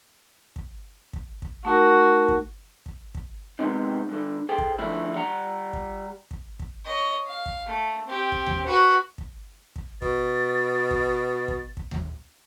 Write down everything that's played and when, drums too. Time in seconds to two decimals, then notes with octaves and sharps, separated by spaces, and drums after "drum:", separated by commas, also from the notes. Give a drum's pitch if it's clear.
0.56 drum: kick
1.13 drum: kick
1.42 drum: kick
1.65 A3 D#4 F#4 A#4
2.28 drum: kick
2.86 drum: kick
3.15 drum: kick
3.59 C3 D#3 G#3 B3 C4 D#4
4.09 G2 D3
4.49 G#4 A4 C5 G5
4.58 drum: kick
4.78 D3 F3 A3 E4
5.16 G3 F#5 A#5
5.73 drum: kick
6.31 drum: kick
6.60 drum: kick
6.85 C#5 D#5
7.27 F5
7.46 drum: kick
7.66 A3
8.07 C4 G4
8.32 drum: kick
8.46 drum: tom D#2
8.66 F#4 B4
9.18 drum: kick
9.76 drum: kick
10.02 B2 A6, drum: kick
10.91 drum: kick
11.48 drum: kick
11.77 drum: kick
11.91 drum: tom D#2